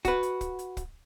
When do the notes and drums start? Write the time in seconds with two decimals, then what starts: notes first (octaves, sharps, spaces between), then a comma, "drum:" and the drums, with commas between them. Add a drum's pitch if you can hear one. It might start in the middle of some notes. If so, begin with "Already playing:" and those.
0.05 F#4 B4, drum: kick, hi-hat
0.23 drum: hi-hat
0.41 drum: kick, hi-hat
0.59 drum: hi-hat
0.77 drum: kick, hi-hat